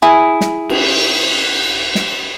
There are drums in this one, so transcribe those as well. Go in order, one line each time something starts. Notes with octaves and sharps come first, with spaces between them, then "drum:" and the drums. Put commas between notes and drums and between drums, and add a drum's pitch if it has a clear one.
E4 G#4
drum: snare
drum: cymbal
drum: snare